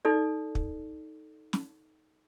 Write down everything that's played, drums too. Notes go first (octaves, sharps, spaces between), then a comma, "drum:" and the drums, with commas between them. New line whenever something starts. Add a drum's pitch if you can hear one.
D#4 A4 D5
drum: kick
drum: snare